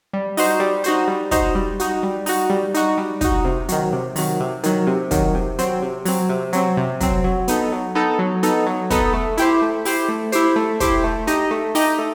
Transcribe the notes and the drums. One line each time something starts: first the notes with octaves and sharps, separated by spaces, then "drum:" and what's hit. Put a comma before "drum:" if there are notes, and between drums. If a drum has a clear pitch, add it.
G3
D#4 F#4 C5, drum: open hi-hat
G3
D#4 F#4 C5, drum: hi-hat
G3
D#4 F#4 C5, drum: kick, hi-hat
G3
D#4 F#4, drum: hi-hat
G3
D#4 F#4, drum: open hi-hat
G3
D#4 F#4, drum: hi-hat
G3
D#4 F#4, drum: kick, hi-hat
C3
D#3 F#3, drum: hi-hat
C3
D#3 F#3, drum: open hi-hat
C3
D#3 F#3, drum: hi-hat
C3
D#3 F#3, drum: kick, hi-hat
C3
F#3 C4, drum: hi-hat
C3
F#3 C4, drum: open hi-hat
C3
F#3 C4, drum: hi-hat
C3
F#3 C4, drum: kick, hi-hat
F#3
B3 D#4 A4, drum: hi-hat
F#3
B3 D#4 A4
F#3
B3 D#4 A4, drum: hi-hat
F#3
B3 D#4 A4, drum: kick, hi-hat
A3
E4 G4 C5, drum: hi-hat
A3
E4 G4 C5, drum: open hi-hat
A3
E4 G4 C5, drum: hi-hat
A3
E4 G4 C5, drum: kick, hi-hat
A3
D#4 G4 D#5, drum: hi-hat
A3
D#4 G4 D#5, drum: open hi-hat
A3